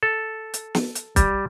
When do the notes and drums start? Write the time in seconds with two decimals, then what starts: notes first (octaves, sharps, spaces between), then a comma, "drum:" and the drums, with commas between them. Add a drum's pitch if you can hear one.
0.03 A4
0.54 drum: hi-hat
0.75 drum: snare
0.95 drum: hi-hat
1.16 G3, drum: kick, hi-hat